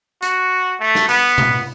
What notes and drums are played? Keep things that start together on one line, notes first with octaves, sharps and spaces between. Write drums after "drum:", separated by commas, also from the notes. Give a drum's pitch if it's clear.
F#4, drum: hi-hat
A3
drum: snare
B3, drum: open hi-hat
drum: tom A#2